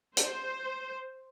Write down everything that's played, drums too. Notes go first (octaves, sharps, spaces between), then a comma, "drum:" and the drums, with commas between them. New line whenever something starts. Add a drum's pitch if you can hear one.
C5, drum: hi-hat